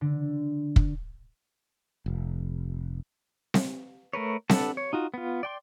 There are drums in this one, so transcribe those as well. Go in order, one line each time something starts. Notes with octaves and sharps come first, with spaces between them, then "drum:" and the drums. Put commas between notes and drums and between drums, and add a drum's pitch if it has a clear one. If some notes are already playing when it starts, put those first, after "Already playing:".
D3
drum: kick
F1
drum: snare C4
A3 A#4 B4 C#5
D4 A4 B4 F#5 A5, drum: snare C4
C#5
D#4 F4 F#4
B3 F4
D5 G5 C6